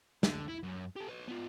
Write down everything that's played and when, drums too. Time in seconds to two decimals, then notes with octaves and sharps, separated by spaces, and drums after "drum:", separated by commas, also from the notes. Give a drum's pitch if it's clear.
0.23 D3, drum: snare
0.48 E4
0.63 F#2
0.96 G4 A4
1.09 B4 C#5
1.28 B3 F4